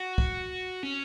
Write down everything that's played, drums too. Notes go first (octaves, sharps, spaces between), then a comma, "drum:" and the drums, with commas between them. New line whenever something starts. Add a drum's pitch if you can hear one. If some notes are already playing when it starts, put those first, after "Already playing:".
Already playing: F#4
drum: kick
C#4